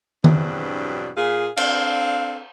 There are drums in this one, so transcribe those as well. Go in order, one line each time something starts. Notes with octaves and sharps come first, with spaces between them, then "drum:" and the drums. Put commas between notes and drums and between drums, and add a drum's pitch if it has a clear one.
E2 G2 B2 F#3 C4 D4, drum: tom D#3
A#2 G#4 F5
C4 D4 A4 F5, drum: cymbal